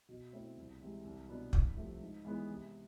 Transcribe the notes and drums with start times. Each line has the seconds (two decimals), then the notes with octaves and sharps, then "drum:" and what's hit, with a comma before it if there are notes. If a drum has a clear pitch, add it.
0.09 B2
0.32 A3 C4 E4
0.57 C2
0.81 C3 E3 G#3
1.05 C2
1.29 B2 B3 D4
1.53 C2, drum: kick
1.77 C3 F3 A3
2.01 G#2
2.25 E3 G#3 B3
2.49 C3